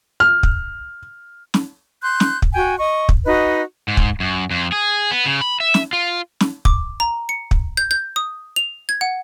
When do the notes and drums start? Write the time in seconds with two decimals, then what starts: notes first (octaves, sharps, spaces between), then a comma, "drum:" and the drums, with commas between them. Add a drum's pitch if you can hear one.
0.20 F6
0.43 drum: kick
1.54 drum: snare
2.02 C6 F#6 G6
2.20 drum: snare
2.42 drum: kick
2.53 F#4 G5 G#5
2.78 D#5 C#6
3.09 drum: kick
3.26 D#4 F#4 B4 D#5
3.88 G#2
3.97 drum: kick
4.20 F#2
4.51 F2
4.72 G#4
5.11 B3
5.26 C#3
5.41 B5
5.60 E5
5.74 drum: snare
5.93 F4
6.40 drum: snare
6.65 D6, drum: kick
7.00 A#5
7.29 C#7
7.51 drum: kick
7.77 G6
7.91 G6
8.16 D#6
8.56 F7
8.89 G#6
9.01 F#5